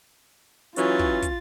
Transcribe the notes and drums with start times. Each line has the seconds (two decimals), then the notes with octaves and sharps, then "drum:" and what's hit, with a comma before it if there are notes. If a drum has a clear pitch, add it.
0.76 E3 F#3 C#4 F4 A6, drum: hi-hat
0.99 drum: kick
1.22 drum: kick, hi-hat